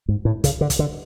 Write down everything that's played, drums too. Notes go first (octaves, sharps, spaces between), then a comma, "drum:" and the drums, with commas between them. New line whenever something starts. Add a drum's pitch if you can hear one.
G#2
A2
C#3, drum: kick, hi-hat
D3
drum: kick, hi-hat
D3